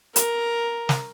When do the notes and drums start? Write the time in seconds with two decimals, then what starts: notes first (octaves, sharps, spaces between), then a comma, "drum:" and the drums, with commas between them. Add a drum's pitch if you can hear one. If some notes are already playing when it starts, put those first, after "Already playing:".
0.16 A#4, drum: hi-hat
0.89 drum: snare